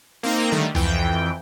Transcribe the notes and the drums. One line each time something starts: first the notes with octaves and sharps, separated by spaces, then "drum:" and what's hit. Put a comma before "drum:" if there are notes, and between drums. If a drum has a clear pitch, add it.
A#3 C4 D#4 A#5
D3 D#3 G3 A3
F2 E3 G5, drum: tom C#2